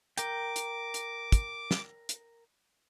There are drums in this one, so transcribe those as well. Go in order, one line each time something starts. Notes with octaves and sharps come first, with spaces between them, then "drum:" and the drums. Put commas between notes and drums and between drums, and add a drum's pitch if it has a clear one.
A#4 G5 D6, drum: hi-hat
drum: hi-hat
drum: hi-hat
drum: kick, hi-hat
drum: snare
drum: hi-hat